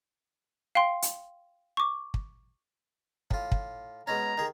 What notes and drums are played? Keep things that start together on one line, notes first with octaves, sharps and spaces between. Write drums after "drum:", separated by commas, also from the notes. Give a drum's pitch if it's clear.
F5 G5 C6
drum: hi-hat
C#6 D6
drum: kick
A2 F4, drum: kick
drum: kick
B2 G#3 C#4 A#5
D#3 G#4